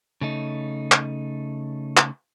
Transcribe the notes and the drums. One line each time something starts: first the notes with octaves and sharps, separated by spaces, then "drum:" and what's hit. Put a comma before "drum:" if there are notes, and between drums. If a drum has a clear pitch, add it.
C#3 A3 D#4
drum: clap
drum: clap